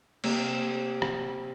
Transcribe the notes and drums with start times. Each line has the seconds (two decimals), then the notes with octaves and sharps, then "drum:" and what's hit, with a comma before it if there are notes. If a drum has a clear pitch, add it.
0.24 C3 A#3 E6, drum: cymbal
1.02 drum: rim click